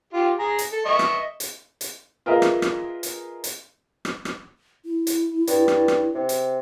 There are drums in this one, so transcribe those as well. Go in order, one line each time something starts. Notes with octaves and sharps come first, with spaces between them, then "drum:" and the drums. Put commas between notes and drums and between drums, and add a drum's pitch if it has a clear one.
F4 G4
G#4 A#5
drum: hi-hat
A4
D#5 E5 C#6
drum: rim click
drum: hi-hat
drum: hi-hat
F4 G#4 A#4 B4 D#5 E5
drum: rim click
drum: rim click
drum: hi-hat
drum: hi-hat
drum: rim click
drum: rim click
E4
drum: hi-hat
G2, drum: hi-hat
drum: rim click
drum: rim click
C3
drum: hi-hat